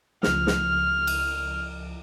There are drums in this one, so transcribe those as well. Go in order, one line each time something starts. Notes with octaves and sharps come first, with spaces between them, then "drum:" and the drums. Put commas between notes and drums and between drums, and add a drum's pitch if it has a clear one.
C#2 C#3 F3 F6, drum: snare
drum: snare
drum: cymbal